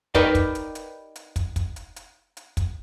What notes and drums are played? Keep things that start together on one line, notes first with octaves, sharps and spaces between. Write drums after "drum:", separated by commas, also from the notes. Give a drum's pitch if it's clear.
D#4 G4 A#4 B4 D5 D#5, drum: kick, hi-hat
drum: kick, hi-hat
drum: hi-hat
drum: hi-hat
drum: hi-hat
drum: kick, hi-hat
drum: kick, hi-hat
drum: hi-hat
drum: hi-hat
drum: hi-hat
drum: kick, hi-hat